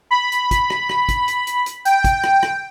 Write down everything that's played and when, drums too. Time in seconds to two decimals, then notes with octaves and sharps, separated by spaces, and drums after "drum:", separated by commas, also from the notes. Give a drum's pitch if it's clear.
0.11 B5
0.32 drum: hi-hat
0.51 drum: kick, hi-hat
0.70 drum: rim click
0.89 drum: rim click
1.09 drum: kick, hi-hat
1.28 drum: hi-hat
1.47 drum: hi-hat
1.66 drum: hi-hat
1.85 G5, drum: hi-hat
2.04 drum: kick, hi-hat
2.24 drum: rim click
2.43 drum: rim click